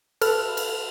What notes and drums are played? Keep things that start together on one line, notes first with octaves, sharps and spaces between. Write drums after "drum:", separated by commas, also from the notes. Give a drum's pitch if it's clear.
A4 B4 A5 F6, drum: cymbal
drum: cymbal